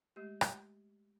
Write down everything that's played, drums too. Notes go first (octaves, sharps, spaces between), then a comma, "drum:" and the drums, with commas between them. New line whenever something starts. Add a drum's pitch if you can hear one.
G#3 A3 G4
drum: rim click